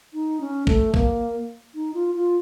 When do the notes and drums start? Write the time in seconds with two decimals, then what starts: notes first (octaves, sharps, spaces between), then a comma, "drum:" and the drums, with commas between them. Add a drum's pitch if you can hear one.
0.13 D#4
0.41 C#4
0.67 A3, drum: kick
0.94 A#3, drum: kick
1.75 D#4
1.94 F4
2.15 F4